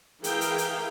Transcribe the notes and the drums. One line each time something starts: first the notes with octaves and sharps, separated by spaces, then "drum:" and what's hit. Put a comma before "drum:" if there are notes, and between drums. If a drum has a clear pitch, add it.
E3 G#4 A#4 E5 F5 G5, drum: hi-hat
drum: hi-hat
drum: hi-hat